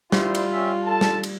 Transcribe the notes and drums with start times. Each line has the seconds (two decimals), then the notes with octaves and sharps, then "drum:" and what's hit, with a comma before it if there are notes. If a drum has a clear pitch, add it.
0.12 G3 E4 F4 C5 D5, drum: snare
0.35 drum: cymbal
0.52 C#4 E5 G5
0.84 A4 A5
1.01 drum: snare
1.23 drum: cymbal